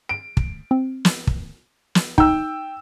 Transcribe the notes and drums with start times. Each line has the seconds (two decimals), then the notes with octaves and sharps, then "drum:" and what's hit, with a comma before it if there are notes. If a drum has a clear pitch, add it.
0.09 D7
0.37 drum: kick
0.71 C4
1.05 drum: snare
1.27 drum: kick
1.95 drum: snare
2.18 D#4 G5 E6, drum: kick